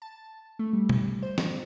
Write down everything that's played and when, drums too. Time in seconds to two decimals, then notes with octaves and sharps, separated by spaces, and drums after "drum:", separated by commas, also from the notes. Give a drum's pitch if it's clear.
0.02 A5
0.59 A3
0.73 G3
0.89 drum: tom B2
1.23 C5
1.38 drum: snare